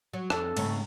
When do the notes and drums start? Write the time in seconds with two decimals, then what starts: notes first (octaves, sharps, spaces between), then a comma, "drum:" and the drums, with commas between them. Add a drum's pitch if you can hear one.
0.13 F#3
0.30 F2 A4, drum: rim click
0.57 G#2 C#3 A3, drum: cymbal